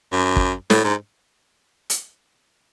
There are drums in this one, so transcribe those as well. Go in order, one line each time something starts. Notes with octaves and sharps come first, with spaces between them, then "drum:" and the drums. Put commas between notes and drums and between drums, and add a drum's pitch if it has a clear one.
F#2
drum: kick
A2, drum: snare
G#2
drum: hi-hat